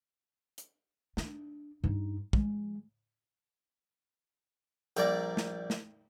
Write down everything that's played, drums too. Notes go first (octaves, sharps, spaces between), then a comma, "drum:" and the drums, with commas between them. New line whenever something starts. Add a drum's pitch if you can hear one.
drum: hi-hat
D4, drum: snare
G2 D#4
F3 G#3, drum: kick
A#1 G3 A#3 D5 A#5, drum: hi-hat
drum: snare
drum: snare